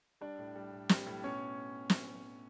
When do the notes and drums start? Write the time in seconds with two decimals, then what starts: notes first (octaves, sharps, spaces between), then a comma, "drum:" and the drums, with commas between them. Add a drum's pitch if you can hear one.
0.21 G3 D4 D5
0.39 A2
0.56 G3
0.72 A2
0.89 G3, drum: snare
1.06 A2
1.24 B2 C#4 C#5
1.90 drum: snare